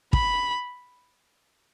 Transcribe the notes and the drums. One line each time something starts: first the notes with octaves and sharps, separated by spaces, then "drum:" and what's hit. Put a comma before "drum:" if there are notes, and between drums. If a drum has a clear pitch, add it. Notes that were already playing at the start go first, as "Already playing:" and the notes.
B5, drum: kick